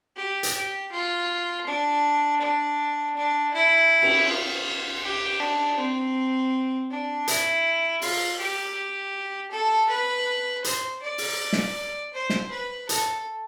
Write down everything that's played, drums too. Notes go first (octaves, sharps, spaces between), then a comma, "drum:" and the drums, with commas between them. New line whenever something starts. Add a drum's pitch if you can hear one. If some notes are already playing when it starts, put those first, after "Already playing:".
G4
drum: hi-hat
G4
F4
D4
D4
D4
E4
drum: cymbal
F4
G4
D4
C4
D4
E4, drum: hi-hat
F4, drum: open hi-hat
G4
A4
B4
C5, drum: hi-hat
D5
drum: open hi-hat
drum: snare
C5
drum: snare
B4
A4, drum: hi-hat